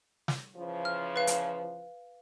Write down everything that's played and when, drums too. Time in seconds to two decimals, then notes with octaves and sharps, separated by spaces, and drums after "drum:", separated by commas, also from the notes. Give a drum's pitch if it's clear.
0.28 drum: snare
0.56 C#3 E3 F3
0.85 F6
1.16 B4 F5
1.27 drum: hi-hat